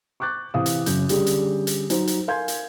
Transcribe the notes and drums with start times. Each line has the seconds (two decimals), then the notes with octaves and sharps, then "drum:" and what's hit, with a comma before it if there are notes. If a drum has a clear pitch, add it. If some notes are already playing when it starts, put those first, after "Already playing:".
0.20 C#6 D6 F#6 G6 A6
0.54 C3 E3 F5 D#6
0.66 drum: hi-hat
0.86 F#2 C#3 G6, drum: hi-hat
1.09 D3 G3 C#4 G4 G#4, drum: hi-hat
1.26 drum: hi-hat
1.67 drum: hi-hat
1.90 F#3 D#4 C5, drum: hi-hat
2.07 drum: hi-hat
2.28 A#4 F5 G#5 C6 G6 G#6
2.48 drum: hi-hat